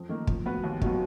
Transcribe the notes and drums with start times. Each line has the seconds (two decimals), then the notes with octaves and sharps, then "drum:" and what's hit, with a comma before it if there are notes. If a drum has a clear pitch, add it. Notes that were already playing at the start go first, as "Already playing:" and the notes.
Already playing: F2
0.09 D#3 A#3
0.27 F3, drum: kick
0.46 B3 F#4 B4
0.64 D#2
0.81 D#3 F#3 B3, drum: kick